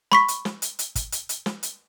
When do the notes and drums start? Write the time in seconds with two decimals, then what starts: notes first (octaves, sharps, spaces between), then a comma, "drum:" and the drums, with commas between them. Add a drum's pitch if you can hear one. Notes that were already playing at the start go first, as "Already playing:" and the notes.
0.12 B5 C#6 B6, drum: snare
0.28 drum: hi-hat
0.45 drum: snare
0.62 drum: hi-hat
0.79 drum: hi-hat
0.95 drum: kick, hi-hat
1.12 drum: hi-hat
1.29 drum: hi-hat
1.46 drum: snare
1.63 drum: hi-hat